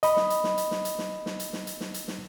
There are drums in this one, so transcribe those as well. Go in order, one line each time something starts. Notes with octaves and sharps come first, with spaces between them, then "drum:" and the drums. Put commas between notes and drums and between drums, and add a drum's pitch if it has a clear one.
D#5 B5, drum: hi-hat
drum: snare
drum: hi-hat
drum: snare
drum: hi-hat
drum: snare
drum: hi-hat
drum: snare
drum: snare
drum: hi-hat
drum: snare
drum: hi-hat
drum: snare
drum: hi-hat
drum: snare